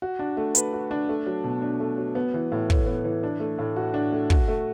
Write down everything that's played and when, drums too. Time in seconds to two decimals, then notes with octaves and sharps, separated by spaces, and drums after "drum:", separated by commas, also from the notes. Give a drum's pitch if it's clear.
0.02 F#4
0.19 D4
0.37 A3
0.55 B4, drum: hi-hat
0.73 F#4
0.91 D4
1.09 A3
1.26 F#3
1.44 B2
1.62 D4
1.80 A3
1.98 F#3
2.15 B3
2.34 E3
2.52 A2
2.70 A2, drum: kick
2.86 B3
3.04 E3
3.23 D4
3.40 A3
3.59 A2
3.76 F#4
3.94 D4
4.12 A3
4.30 F#4, drum: kick
4.48 A3